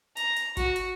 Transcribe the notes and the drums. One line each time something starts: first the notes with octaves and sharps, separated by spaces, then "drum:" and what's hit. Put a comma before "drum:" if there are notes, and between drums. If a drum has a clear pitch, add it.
A#5, drum: hi-hat
drum: hi-hat
F#4, drum: kick, hi-hat
drum: hi-hat